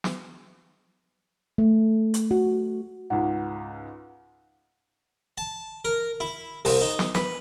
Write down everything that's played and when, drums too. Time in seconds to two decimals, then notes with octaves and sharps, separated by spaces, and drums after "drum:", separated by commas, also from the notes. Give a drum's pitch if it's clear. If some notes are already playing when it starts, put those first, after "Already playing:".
0.04 drum: snare
1.58 A3
2.14 drum: hi-hat
2.31 F#4
3.10 C#2 G#2 F#5
5.38 A5
5.85 A#4
6.20 E4
6.65 C2, drum: open hi-hat
6.81 D#4
6.99 drum: snare
7.15 B4, drum: snare